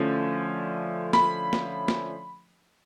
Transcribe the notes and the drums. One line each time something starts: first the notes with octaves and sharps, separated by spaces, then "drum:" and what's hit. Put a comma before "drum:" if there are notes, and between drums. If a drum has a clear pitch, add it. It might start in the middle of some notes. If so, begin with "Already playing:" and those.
Already playing: D3 F3 A3 C#4 E4
B5, drum: snare
drum: snare
drum: snare